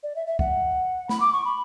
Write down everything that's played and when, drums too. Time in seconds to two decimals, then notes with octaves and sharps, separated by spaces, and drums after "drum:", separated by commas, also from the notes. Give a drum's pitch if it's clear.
0.03 D5
0.16 E5
0.27 E5
0.39 F#5, drum: kick
1.09 B5, drum: snare
1.20 D6
1.32 C#6
1.45 B5